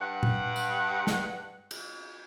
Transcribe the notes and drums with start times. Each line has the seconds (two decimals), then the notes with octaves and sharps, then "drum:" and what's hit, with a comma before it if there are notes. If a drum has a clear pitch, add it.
0.01 G2 F#5
0.23 drum: tom A#2
0.56 drum: tambourine
1.07 drum: snare
1.71 drum: cymbal